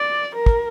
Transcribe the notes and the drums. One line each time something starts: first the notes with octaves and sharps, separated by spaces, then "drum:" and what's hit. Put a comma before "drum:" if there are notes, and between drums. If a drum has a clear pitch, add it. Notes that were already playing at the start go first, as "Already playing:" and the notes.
Already playing: D5
A#4
drum: kick